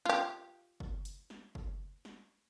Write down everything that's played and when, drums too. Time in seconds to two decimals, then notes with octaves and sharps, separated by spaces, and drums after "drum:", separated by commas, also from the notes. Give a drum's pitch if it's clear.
0.05 F4 G4, drum: snare
0.80 drum: kick F#1
1.05 drum: hi-hat
1.30 drum: snare
1.55 drum: kick F#1
2.05 drum: snare